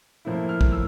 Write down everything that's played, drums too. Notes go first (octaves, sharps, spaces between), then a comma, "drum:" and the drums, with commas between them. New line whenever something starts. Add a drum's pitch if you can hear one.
A2 F3 A#3 E4
F6
drum: kick
E6